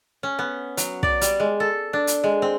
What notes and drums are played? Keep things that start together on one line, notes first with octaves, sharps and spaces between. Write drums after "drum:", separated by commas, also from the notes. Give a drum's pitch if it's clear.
C#4
B3
F#3, drum: hi-hat
D5, drum: kick
G3, drum: hi-hat
G#3
A4
D4
drum: hi-hat
G#3
C4